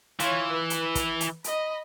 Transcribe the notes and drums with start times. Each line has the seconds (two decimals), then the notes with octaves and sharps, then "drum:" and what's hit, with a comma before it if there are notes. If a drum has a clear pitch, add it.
0.20 E3 F4 C#5, drum: hi-hat
0.51 B4
0.70 drum: hi-hat
0.95 drum: kick, hi-hat
1.21 drum: hi-hat
1.44 D#5 B5, drum: hi-hat